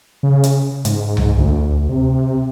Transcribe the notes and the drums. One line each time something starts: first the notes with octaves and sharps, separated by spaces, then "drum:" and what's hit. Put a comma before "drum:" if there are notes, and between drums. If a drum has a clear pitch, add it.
C#3
drum: hi-hat
G#2, drum: hi-hat
drum: tom C2
D2
C3